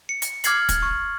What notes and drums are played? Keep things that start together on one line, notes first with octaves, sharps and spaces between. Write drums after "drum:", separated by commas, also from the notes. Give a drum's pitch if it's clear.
C#7
drum: hi-hat
D6 F6 G#6 A6 C7 F#7, drum: hi-hat
G#6, drum: kick, hi-hat
C#6